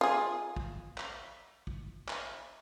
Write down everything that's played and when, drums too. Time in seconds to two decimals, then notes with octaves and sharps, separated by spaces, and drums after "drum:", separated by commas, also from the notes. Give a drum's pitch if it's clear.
0.01 F4 G#4
0.56 drum: kick
0.98 drum: clap
1.67 drum: kick
2.09 drum: clap